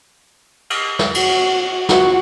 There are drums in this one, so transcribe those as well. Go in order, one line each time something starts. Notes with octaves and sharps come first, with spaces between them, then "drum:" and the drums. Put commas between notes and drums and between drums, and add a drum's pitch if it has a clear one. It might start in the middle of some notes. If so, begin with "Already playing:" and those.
drum: cymbal
drum: snare
F#4, drum: cymbal
F4 F#4, drum: snare